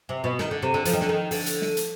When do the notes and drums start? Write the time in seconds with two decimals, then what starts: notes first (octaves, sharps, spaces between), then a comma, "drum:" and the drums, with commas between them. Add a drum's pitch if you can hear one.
0.09 C3
0.24 B2
0.39 D#3, drum: snare
0.51 D3
0.62 C3
0.74 D3
0.85 F3, drum: hi-hat
0.93 D#3
1.01 D3, drum: snare
1.09 D#3
1.31 D3, drum: open hi-hat
1.46 drum: hi-hat
1.61 drum: snare
1.77 drum: hi-hat